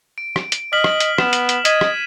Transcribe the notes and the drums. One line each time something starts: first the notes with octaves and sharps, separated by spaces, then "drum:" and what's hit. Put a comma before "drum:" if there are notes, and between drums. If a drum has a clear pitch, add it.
D7
drum: rim click
drum: hi-hat
D#5 F6 B6 F#7
drum: rim click
drum: hi-hat
B3 E7, drum: rim click
drum: hi-hat
drum: hi-hat
D#5 G#6 B6 D#7, drum: hi-hat
drum: rim click